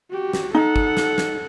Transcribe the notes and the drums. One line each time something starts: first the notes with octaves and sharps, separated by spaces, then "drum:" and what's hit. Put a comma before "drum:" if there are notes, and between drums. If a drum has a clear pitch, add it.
F#4 G4
drum: snare
D#4 A4 F#5
drum: kick
drum: snare
drum: snare